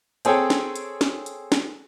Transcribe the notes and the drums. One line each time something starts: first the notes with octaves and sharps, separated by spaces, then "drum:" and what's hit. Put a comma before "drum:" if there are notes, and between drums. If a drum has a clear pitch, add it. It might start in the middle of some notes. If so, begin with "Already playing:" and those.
C4 G#4 A4 C#5 G5, drum: hi-hat
drum: snare
drum: hi-hat
drum: snare
drum: hi-hat
drum: snare